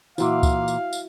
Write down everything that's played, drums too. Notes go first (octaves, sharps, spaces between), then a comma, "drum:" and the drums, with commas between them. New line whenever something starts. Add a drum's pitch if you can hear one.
A#2 E3 E4 F#4 F5, drum: tambourine
drum: kick C#2, tambourine
drum: tambourine
drum: tambourine